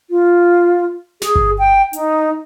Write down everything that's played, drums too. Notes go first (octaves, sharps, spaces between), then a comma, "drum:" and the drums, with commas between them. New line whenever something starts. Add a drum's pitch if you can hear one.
F4
G#4, drum: snare
drum: kick G1
G5
D#4, drum: hi-hat